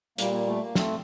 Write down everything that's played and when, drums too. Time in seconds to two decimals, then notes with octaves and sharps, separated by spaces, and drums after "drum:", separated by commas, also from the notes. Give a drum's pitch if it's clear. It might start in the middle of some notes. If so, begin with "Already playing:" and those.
0.18 A#2 G3 A#3, drum: hi-hat
0.33 A#3
0.47 A3
0.61 A#3
0.75 A3 C4, drum: snare